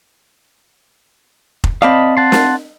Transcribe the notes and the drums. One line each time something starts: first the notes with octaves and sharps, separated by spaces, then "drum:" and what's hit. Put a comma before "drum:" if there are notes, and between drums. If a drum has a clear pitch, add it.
drum: kick F1
C4 D5 D#5 F5 A5 B5
F#5 A5 C6
drum: snare